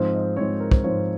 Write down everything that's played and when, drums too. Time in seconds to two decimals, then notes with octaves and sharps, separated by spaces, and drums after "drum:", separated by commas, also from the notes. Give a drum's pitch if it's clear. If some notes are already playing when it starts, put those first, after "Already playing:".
Already playing: G#2 F3 C4 C5
0.13 D#5
0.36 G#2 F3 C4 C#5
0.60 A#4
0.72 C5, drum: kick
0.83 G#2 F3 C4 C#5